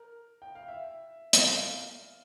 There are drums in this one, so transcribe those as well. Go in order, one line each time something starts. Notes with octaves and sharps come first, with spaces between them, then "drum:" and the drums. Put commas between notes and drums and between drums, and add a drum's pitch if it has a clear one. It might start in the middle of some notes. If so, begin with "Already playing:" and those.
Already playing: A#4
G5
F5
E5
D5, drum: hi-hat
E5
F5